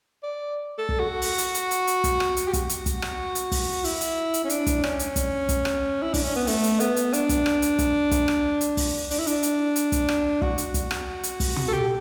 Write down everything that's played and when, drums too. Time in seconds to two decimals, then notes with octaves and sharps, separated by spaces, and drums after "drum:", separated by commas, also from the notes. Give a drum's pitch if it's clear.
0.23 D5
0.78 A4
0.89 drum: kick
1.00 F#4
1.22 drum: open hi-hat
1.38 drum: hi-hat
1.54 drum: hi-hat
1.71 drum: hi-hat
1.87 drum: hi-hat
2.04 drum: kick, hi-hat
2.20 drum: rim click
2.37 drum: hi-hat
2.48 G4
2.53 F#4, drum: kick, hi-hat
2.69 drum: hi-hat
2.86 drum: kick, hi-hat
3.02 drum: rim click
3.35 drum: hi-hat
3.52 drum: kick, open hi-hat
3.84 E4, drum: open hi-hat
4.01 drum: hi-hat
4.34 drum: hi-hat
4.44 C#4
4.50 D4, drum: hi-hat
4.67 drum: kick, hi-hat
4.84 C#4, drum: rim click
4.99 drum: hi-hat
5.16 drum: kick, hi-hat
5.49 drum: kick, hi-hat
5.65 drum: rim click
6.02 E4
6.14 D4, drum: kick, open hi-hat
6.24 C#4
6.36 B3
6.47 A3, drum: open hi-hat
6.64 drum: hi-hat
6.80 B3, drum: hi-hat
6.96 drum: hi-hat
7.13 D4, drum: hi-hat
7.29 drum: kick, hi-hat
7.46 drum: rim click
7.62 drum: hi-hat
7.79 drum: kick, hi-hat
8.11 drum: kick, hi-hat
8.28 drum: rim click
8.61 drum: hi-hat
8.77 drum: kick, open hi-hat
9.11 D4, drum: open hi-hat
9.19 E4
9.27 D4, drum: hi-hat
9.43 drum: hi-hat
9.76 drum: hi-hat
9.92 drum: kick, hi-hat
10.09 drum: rim click
10.42 F#4, drum: kick
10.58 drum: hi-hat
10.74 drum: kick, hi-hat
10.91 drum: rim click
11.23 drum: hi-hat
11.40 drum: kick, open hi-hat
11.56 drum: tom
11.68 A4
11.73 G4